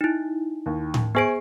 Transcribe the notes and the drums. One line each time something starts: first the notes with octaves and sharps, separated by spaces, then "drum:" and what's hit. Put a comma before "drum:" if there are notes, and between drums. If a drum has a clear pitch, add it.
D#4 E4
D#2
drum: tom A2
B3 G#4 C5 G#5 C7 D7